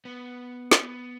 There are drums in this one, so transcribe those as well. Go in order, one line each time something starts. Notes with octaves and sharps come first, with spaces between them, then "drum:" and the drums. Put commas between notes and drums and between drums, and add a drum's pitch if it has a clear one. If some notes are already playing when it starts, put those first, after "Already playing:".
B3
C#4, drum: snare
B3